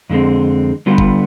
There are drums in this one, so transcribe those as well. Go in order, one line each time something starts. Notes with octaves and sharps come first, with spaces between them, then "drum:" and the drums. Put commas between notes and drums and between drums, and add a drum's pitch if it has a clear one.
F2 D3 G#3 C4
D3 G3 B3 F4
drum: kick